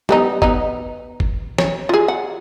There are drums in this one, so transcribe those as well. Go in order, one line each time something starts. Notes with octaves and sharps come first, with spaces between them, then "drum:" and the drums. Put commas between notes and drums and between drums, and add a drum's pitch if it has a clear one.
G3 B3 D#4, drum: tom
B3 D#4, drum: kick F#1
drum: kick F#1
C#5, drum: snare
F4 G#4
F#5